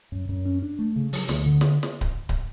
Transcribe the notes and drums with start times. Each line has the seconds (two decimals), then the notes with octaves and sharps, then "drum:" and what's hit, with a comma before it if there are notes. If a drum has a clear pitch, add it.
0.12 F#2
0.29 F#2
0.45 C#4
0.62 D4
0.79 A3
0.96 C#3
1.13 F#3, drum: open hi-hat
1.29 D2, drum: snare
1.46 D3
1.61 drum: snare
1.83 drum: snare
2.01 drum: kick D1
2.29 drum: kick D1